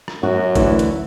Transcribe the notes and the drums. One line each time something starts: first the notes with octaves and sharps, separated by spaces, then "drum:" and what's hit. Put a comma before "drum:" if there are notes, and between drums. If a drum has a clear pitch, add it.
drum: rim click
F#2 F#4
D2 E3, drum: kick, hi-hat
drum: hi-hat